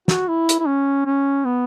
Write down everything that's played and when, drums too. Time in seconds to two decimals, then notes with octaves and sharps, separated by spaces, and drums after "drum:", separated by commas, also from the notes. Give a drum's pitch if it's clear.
0.08 F#4, drum: snare
0.28 E4
0.49 drum: hi-hat
0.60 E4
0.67 C#4
1.06 C#4
1.45 B3